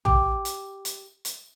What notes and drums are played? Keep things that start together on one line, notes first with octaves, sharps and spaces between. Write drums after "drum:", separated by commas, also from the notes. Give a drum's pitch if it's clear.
G4, drum: tom
drum: hi-hat
drum: hi-hat
drum: hi-hat